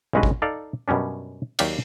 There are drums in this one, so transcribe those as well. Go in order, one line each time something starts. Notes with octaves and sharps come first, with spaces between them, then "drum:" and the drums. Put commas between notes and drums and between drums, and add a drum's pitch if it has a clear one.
B1 G2 G#3 C#4 F#4 B4
drum: kick
D#4 A4 D5 F5
F#2 B2 G3 C#4 D4
D#2 F#3 G4 D5 F5 F#5, drum: cymbal